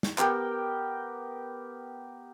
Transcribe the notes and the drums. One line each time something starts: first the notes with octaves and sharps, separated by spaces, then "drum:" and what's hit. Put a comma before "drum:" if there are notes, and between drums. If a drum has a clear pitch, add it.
drum: snare
B3 G4 A#4 G5, drum: clap